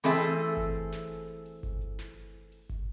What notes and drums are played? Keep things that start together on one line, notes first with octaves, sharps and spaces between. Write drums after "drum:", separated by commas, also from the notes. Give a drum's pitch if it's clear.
E3 A3 C4 G#4 A4 E5, drum: hi-hat
drum: hi-hat
drum: open hi-hat
drum: kick G1, hi-hat
drum: hi-hat
drum: snare
drum: hi-hat
drum: hi-hat
drum: open hi-hat
drum: kick G1, hi-hat
drum: hi-hat
drum: snare
drum: hi-hat
drum: open hi-hat
drum: kick G1, hi-hat